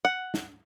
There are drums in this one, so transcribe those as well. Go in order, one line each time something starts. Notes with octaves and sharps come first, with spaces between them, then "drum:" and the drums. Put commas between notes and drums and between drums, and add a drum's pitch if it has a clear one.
F#5
drum: snare